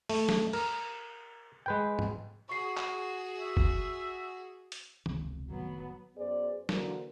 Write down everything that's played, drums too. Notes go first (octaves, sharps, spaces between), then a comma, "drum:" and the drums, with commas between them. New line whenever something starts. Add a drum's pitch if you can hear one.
A3, drum: open hi-hat
drum: snare
A#4, drum: cymbal
G#3 B4 G5
drum: tom
F#4 G#4 C#6 C7
drum: clap
E5
drum: kick
drum: hi-hat
E1 C#2 C3, drum: tom
F1 A2 D#3 F#3 B3
F#2 B3 G#4 C5 D5
D3 E3 A#3 F#4 A#4 C5, drum: snare